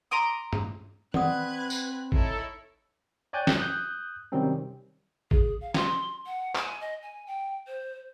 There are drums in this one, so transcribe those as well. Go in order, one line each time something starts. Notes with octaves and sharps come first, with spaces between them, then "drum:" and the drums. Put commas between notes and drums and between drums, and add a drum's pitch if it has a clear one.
A#5 C6 D6 D#6
drum: tom
C4 B4 D5 F#5 D#6 F#6 G#6, drum: tom E3
drum: tambourine
D#4 E4 A4 C#5, drum: kick G#1
C#5 D5 G5 G#5 F#6 G6
drum: snare
D#6 F#6 G6
C3 D#3 F#3 G3 C4 C#4
G#4, drum: kick G#1
F5
C6, drum: snare
F#5
G#5, drum: clap
D#5
G#5
G5
C5